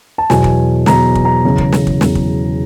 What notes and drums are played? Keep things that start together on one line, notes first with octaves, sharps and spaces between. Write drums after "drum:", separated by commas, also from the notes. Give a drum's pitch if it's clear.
A5
E2 B2 F#3 G#5, drum: snare
drum: kick
E2 B2 F#3 A#5, drum: snare
drum: kick
A#5
E2 C#3 F#3
drum: kick
drum: snare
drum: kick
E2 C#3 F#3, drum: snare
drum: kick